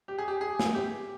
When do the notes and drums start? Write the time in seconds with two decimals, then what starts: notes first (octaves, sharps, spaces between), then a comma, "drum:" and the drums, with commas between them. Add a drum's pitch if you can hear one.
0.08 G4
0.18 G#4
0.28 G4
0.41 G#4
0.59 drum: snare
0.74 G4